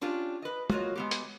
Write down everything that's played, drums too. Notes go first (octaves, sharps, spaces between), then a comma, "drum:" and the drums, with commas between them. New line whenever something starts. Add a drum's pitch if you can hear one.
C#4 D4 F4 G4
B4 D#5
A#3 F4 F#4 A4 C#5 D#5, drum: tom
G#3 B3 G4
drum: hi-hat